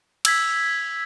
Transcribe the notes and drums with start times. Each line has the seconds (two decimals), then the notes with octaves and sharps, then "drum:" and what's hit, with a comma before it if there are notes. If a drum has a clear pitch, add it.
0.25 E6 G#6 B6, drum: cymbal